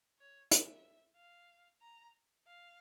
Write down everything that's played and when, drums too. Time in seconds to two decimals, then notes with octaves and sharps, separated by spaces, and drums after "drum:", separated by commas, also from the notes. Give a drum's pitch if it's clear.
0.19 C#5
0.51 E5, drum: hi-hat
1.16 F5
1.82 A#5
2.47 F5